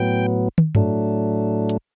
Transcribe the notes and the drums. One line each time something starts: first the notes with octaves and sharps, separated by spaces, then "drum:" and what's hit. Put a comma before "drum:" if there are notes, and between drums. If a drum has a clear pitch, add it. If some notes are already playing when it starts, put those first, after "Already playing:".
Already playing: A2 F#3 B3 G5
drum: tom
A2 F#3 A3 D4, drum: tom G2
drum: hi-hat